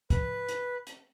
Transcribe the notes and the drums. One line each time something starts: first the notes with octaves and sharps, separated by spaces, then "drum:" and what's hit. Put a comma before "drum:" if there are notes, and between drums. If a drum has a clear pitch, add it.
B4, drum: kick, hi-hat
drum: hi-hat
drum: hi-hat